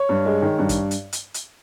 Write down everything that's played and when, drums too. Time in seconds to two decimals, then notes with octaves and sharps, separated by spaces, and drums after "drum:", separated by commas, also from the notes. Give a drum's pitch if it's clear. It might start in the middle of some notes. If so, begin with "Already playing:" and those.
Already playing: C#5
0.09 G2
0.25 G#3
0.42 D#3
0.58 G2
0.69 drum: kick, hi-hat
0.91 drum: hi-hat
1.13 drum: hi-hat
1.34 drum: hi-hat